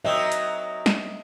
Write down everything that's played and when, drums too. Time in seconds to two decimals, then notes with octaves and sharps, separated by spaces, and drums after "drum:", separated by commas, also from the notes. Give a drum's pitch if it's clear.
0.05 F#3 A#3 C4 D#5 E5
0.32 drum: hi-hat
0.86 drum: snare